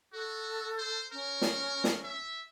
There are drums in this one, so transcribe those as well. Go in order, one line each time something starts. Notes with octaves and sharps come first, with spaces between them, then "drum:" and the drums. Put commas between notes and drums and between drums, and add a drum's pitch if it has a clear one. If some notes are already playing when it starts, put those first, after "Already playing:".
F#4 A4
C5
C#4 A#4
drum: snare
drum: snare
E5